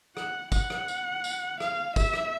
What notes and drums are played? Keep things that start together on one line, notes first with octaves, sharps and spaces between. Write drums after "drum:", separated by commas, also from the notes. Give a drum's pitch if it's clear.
F#5, drum: rim click
F#5, drum: kick, tambourine
drum: rim click
drum: tambourine
drum: tambourine
F5, drum: rim click
E5, drum: kick, tambourine
drum: rim click